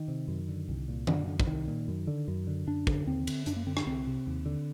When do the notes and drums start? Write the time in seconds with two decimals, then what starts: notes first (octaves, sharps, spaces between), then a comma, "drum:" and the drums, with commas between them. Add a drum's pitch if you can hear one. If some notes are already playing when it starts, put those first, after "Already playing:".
Already playing: D#3
0.08 C3
0.28 F#2
0.49 D3
0.69 C2
0.88 A#2
1.07 F#2 D3, drum: tom D#3
1.27 D3
1.40 D3, drum: kick
1.47 C2 D#3
1.67 A#2
1.88 F#2
2.07 D3
2.28 F#2
2.47 D3
2.67 F#2 D4
2.87 D3, drum: kick
3.06 D#2 C4
3.27 D3, drum: cymbal
3.46 F#2 D4, drum: hi-hat
3.56 A#3
3.67 D3 C4
3.77 D4, drum: rim click
3.86 C2 C4
4.07 C3
4.27 D#2
4.46 D3